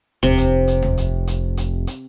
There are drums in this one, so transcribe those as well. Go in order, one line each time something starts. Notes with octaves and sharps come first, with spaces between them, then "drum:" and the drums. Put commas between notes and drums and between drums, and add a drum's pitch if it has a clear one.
F1 C3, drum: tom D#2
drum: hi-hat
drum: hi-hat
drum: tom D#2
drum: hi-hat
drum: hi-hat
drum: hi-hat
drum: hi-hat